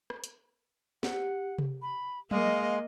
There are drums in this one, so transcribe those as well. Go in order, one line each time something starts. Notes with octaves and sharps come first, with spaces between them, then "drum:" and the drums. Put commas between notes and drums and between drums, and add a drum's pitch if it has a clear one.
drum: rim click
drum: hi-hat
G4 F#5, drum: snare
drum: tom C3
B5
G#3 A#3 D#5 F5, drum: tom F#3